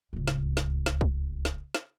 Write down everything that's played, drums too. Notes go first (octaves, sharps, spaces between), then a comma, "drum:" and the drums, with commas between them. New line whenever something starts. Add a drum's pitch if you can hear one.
D1 C#2
drum: snare
drum: snare
drum: snare
drum: kick
drum: snare
drum: snare